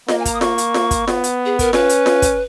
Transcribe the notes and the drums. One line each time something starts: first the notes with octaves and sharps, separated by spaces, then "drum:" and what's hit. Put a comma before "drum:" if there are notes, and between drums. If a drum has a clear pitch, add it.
A#3 D#5, drum: snare F4
G#5
A#5, drum: kick, hi-hat
D#6
C#6, drum: snare F4
drum: hi-hat
drum: snare F4
drum: kick, hi-hat
B3, drum: snare F4
drum: hi-hat
G#4
A#4, drum: kick, hi-hat
C#4 B4, drum: snare F4
drum: hi-hat
drum: snare F4
drum: kick, hi-hat